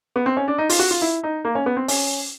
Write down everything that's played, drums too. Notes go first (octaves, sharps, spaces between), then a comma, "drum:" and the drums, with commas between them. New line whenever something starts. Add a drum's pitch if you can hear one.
B3
C4
C#4
D4
D#4
F4, drum: open hi-hat
F#4
F4
E4
D#4
A#3
C#4
B3
C4
C#4, drum: open hi-hat